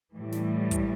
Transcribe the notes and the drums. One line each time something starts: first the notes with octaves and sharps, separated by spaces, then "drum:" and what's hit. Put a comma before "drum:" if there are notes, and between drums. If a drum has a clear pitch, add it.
A2 E3 G3
drum: snare
drum: kick, hi-hat